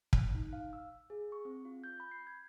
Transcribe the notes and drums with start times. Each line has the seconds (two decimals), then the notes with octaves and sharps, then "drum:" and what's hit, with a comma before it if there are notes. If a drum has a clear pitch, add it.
0.13 F#6, drum: kick
0.35 D#4
0.53 F5
0.73 E6
1.10 G#4
1.32 C#6
1.45 C4
1.65 F4
1.84 G6
2.00 B5
2.11 C7
2.27 G#6